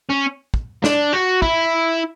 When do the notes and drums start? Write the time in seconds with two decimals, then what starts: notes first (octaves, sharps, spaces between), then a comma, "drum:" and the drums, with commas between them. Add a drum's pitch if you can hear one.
0.09 C#4
0.54 drum: kick
0.84 D4, drum: snare
1.13 F#4
1.42 E4, drum: kick